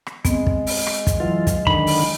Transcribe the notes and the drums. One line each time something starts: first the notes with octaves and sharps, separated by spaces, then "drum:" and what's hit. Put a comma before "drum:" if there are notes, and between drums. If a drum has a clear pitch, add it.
drum: rim click
G#3 B3 C4, drum: kick, hi-hat
drum: kick
drum: open hi-hat
drum: rim click
drum: kick, hi-hat
E3 F#3 F4
drum: kick, hi-hat
D3 D#3 B5, drum: kick
drum: open hi-hat